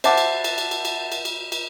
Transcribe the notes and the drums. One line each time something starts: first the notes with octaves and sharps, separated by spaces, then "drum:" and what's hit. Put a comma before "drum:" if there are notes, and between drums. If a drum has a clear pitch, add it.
C5 E5 F#5 A5 D6, drum: cymbal
drum: cymbal
drum: cymbal
drum: cymbal
drum: cymbal
drum: cymbal
drum: cymbal
drum: cymbal
drum: cymbal